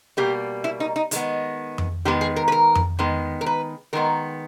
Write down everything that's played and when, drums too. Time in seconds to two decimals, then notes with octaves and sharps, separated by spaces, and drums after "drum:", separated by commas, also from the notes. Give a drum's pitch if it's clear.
0.17 B2 G3 A#3 G4
0.64 E4
0.80 D#4
0.96 D#4
1.11 D#3 G#3 B3, drum: hi-hat
1.78 drum: tom F2
2.05 D#3 G#3 B3 G4
2.21 G#4
2.36 A#4
2.48 B4
2.52 A#4
2.75 drum: tom F2
2.99 D#3 G#3 B3
3.41 A#4
3.46 B4
3.93 D#3 G#3 B3 A#4